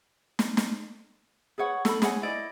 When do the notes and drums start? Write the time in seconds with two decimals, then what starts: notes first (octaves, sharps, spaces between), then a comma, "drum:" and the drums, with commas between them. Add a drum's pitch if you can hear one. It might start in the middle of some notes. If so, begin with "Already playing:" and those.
0.39 drum: snare
0.57 drum: snare
1.58 G#4 B4 C#5 F#5
1.85 A4 B5, drum: snare
2.02 G#4 C#5 F#5 G#5, drum: snare
2.22 E4 D5 D#5